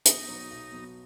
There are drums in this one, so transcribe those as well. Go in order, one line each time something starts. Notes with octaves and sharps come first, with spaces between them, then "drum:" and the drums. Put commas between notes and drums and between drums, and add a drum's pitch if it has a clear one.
B1 D#4, drum: hi-hat
B2 F#3 B3
B1
B2 F#3 B3